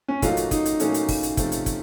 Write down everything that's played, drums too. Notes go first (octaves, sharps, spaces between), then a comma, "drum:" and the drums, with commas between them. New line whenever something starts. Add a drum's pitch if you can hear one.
C#4
A#2 F#3 A3 D#4 F4 A4, drum: kick, hi-hat
drum: hi-hat
D#4, drum: kick, hi-hat
drum: hi-hat
A#2 F#3 A3 C#4 D#4 A4, drum: hi-hat
drum: hi-hat
drum: kick, open hi-hat
drum: hi-hat
C3 F3 A3, drum: kick, hi-hat
drum: hi-hat
drum: kick, hi-hat